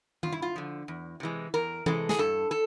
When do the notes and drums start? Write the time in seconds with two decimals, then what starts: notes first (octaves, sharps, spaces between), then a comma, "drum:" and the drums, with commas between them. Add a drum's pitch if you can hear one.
0.23 G2 F4, drum: tom D#3
0.32 E4
0.42 F4
0.56 D3 F3
0.88 E2
1.20 C3 E3 G#3
1.54 E2 A#4
1.86 C3 E3 G#3 A4, drum: tom E3
2.09 G#4, drum: snare
2.18 G2 A4
2.51 A4